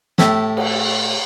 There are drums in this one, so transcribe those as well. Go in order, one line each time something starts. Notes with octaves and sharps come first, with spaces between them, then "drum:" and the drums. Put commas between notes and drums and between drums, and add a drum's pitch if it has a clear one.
A2 A3 E4 G4, drum: snare
drum: cymbal